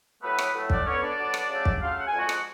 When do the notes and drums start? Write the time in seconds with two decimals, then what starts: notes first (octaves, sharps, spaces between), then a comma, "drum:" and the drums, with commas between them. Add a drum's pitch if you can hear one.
0.22 A2 F#3 A3 B3 B4
0.38 drum: rim click
0.54 A2 F#3 A3
0.70 D4 D5, drum: kick
0.86 D3 F#3 B3 C#4 C#5
1.02 D4 D5
1.17 D3 F#3 B3
1.34 drum: rim click
1.49 C#3 F#3 A3
1.65 drum: kick
1.81 C#3 F#3 A3 F4 F5
1.98 F#5
2.07 G#5
2.13 F2 D3 G#3 F#4 F#5
2.29 drum: rim click